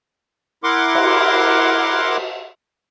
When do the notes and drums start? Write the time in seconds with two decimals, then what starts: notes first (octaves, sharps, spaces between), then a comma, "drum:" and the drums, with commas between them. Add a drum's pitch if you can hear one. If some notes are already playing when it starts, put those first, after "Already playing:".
0.64 E4 A#4 F#5 C6 D6
0.95 drum: cymbal